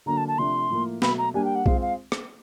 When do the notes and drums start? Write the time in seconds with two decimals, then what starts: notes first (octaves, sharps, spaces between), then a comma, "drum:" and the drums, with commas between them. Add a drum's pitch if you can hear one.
0.06 D3 F#3 A#3 D4 A#5
0.17 A5
0.28 A5
0.38 C3 F3 A3 D4 C6
0.70 A2 F3 A#3
1.02 B2 F#3 A3 B5, drum: snare
1.18 A#5
1.34 G3 A#3 D4 G4 G#5
1.44 G5
1.55 F#5
1.66 G#3 C4 F4 G#4 F5, drum: kick B1
1.82 F5
2.12 drum: rim click